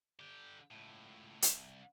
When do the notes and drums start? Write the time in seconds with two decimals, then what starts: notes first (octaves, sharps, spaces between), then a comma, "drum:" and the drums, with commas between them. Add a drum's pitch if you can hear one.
0.20 D3 G4
0.71 C#2 A2
1.42 C2, drum: hi-hat